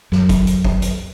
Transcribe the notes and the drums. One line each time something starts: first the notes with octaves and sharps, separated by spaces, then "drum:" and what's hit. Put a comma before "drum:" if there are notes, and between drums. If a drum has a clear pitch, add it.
F#2, drum: snare
drum: kick, hi-hat
drum: hi-hat
drum: kick
drum: hi-hat